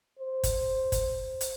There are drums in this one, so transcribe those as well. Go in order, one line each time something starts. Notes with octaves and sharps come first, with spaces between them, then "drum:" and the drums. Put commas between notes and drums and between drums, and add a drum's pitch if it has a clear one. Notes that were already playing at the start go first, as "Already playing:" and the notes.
C5
drum: kick F#1, hi-hat
drum: kick F#1, hi-hat
drum: hi-hat